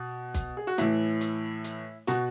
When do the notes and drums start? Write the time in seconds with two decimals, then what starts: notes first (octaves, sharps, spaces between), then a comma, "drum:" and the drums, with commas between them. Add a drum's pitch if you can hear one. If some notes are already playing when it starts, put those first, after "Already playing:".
Already playing: B2
0.34 drum: kick, hi-hat
0.57 G#4
0.67 F#4
0.78 A2 E3 E4, drum: hi-hat
1.21 drum: hi-hat
1.64 drum: hi-hat
2.07 B2 F#4, drum: hi-hat